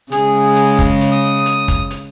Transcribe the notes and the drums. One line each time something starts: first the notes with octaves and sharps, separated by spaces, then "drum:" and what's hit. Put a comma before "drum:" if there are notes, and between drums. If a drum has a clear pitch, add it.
C#3 G#3 G#4, drum: hi-hat
drum: hi-hat
drum: kick, hi-hat
drum: hi-hat
D#6
drum: hi-hat
drum: kick, hi-hat
drum: hi-hat